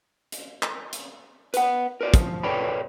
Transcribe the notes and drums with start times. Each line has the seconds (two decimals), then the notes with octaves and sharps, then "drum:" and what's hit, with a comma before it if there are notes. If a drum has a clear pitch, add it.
0.32 drum: hi-hat
0.63 drum: clap
0.93 drum: hi-hat
1.54 B4 F#5, drum: hi-hat
2.01 A#4 B4 D5
2.14 F3, drum: kick, hi-hat
2.43 A4 B4 C#5 D5 G5 B5